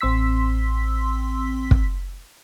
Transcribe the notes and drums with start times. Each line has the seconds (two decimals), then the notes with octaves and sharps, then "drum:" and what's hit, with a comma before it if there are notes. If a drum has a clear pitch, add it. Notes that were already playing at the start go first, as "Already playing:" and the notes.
0.01 A1 C4 C6 E6 B6
1.71 drum: kick